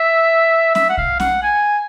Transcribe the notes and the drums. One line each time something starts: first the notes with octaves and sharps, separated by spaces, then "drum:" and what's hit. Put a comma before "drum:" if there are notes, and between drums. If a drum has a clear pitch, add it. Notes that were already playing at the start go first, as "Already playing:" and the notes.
Already playing: E5
E5, drum: snare
F#5
F5, drum: kick
F#5, drum: snare
G#5